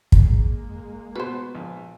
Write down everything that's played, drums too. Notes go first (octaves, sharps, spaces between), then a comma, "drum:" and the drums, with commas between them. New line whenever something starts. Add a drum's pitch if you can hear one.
G#3 A#3, drum: kick
B2 B4 C5
A#1